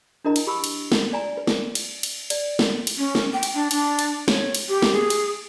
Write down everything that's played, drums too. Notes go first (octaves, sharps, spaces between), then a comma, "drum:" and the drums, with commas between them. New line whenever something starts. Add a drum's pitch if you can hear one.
D4 E4 A#4 D#5 A#5
drum: cymbal
G4 B5 C#6 E6
drum: cymbal
drum: snare
D5 G#5 A#5
B4
drum: snare
drum: cymbal
drum: cymbal
D5, drum: cymbal
drum: snare
drum: cymbal
C#4
drum: snare
G5
drum: cymbal
D4
D4, drum: cymbal
drum: cymbal
C#5, drum: snare
drum: cymbal
G4
drum: snare
G#4
drum: cymbal